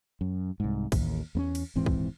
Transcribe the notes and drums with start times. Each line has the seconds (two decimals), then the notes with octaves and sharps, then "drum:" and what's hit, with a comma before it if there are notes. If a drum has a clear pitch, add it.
0.21 F#2
0.60 C2 G#2
0.92 A1 D#2, drum: kick B1, cymbal
1.35 E2 B3 C#4
1.55 drum: cymbal
1.75 D#1 G#2 E3 C4
1.86 drum: kick B1